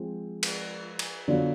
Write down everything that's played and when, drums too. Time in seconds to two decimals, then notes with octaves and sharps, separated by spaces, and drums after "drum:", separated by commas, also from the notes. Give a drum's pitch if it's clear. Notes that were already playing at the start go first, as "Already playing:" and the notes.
Already playing: F3 G#3 C4
0.43 drum: cymbal
0.99 drum: cymbal
1.28 D3 F#3 B3 D4 F4